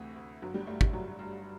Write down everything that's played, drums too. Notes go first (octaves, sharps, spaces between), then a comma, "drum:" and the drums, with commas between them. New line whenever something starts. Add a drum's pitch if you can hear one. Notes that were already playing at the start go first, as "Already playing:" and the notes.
Already playing: D2 C3 E3 A3
D2
G1 F#3
G3
G2 A3
G3, drum: kick
G1 F#3
G2